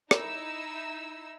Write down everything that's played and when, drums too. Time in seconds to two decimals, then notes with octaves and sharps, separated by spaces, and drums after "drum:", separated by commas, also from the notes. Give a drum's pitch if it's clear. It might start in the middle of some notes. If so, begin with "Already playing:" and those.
0.11 D#4 E4 E6, drum: rim click